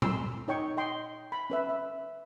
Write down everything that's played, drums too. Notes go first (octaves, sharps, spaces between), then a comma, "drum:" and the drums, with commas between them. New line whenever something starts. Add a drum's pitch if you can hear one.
C6 E6, drum: tom A#2
D#4 C#5 G5 C#6
D#5 G5 C6
B5
C#4 B4 E5
E5